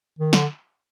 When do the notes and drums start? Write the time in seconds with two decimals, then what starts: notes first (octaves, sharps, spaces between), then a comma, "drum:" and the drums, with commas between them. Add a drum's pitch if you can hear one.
0.19 D#3
0.33 D3, drum: snare